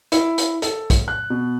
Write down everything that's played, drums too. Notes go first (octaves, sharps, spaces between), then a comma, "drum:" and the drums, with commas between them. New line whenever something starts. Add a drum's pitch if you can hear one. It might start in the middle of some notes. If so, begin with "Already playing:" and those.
E4, drum: hi-hat
drum: hi-hat
A4, drum: hi-hat
drum: kick, hi-hat
F#6
B2